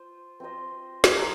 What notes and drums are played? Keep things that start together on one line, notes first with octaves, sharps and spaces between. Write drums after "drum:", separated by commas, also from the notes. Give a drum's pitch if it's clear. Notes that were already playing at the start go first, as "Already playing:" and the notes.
Already playing: F4 C5
C4 F4 C5 D#5
drum: snare
F3 D#4 G4